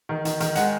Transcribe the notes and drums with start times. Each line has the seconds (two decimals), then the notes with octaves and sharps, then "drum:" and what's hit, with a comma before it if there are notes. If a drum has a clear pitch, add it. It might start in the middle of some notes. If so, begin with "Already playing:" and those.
0.09 D#3
0.25 D#3, drum: hi-hat
0.40 D#3, drum: hi-hat
0.55 G#3 F#5, drum: hi-hat